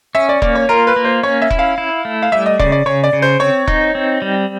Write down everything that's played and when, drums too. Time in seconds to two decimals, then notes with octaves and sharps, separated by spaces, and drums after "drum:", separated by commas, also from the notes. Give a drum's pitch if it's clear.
0.15 C#4 E5
0.29 D5
0.42 A#3 D5, drum: kick E1
0.55 C#5
0.69 F4 A#4
0.87 B4
0.96 A#3
1.05 C5
1.23 C#4 C#5
1.42 E5
1.50 E4, drum: kick E1
1.59 F5
1.78 E4
2.05 A3
2.23 F5
2.32 G3 E5
2.46 D#5
2.59 C#3 D5, drum: kick E1
2.72 D5
2.86 C#3 C#5
3.04 D5
3.13 C#3
3.22 C5
3.40 C4 C#5
3.67 D#4, drum: kick E1
3.95 C4
4.22 G3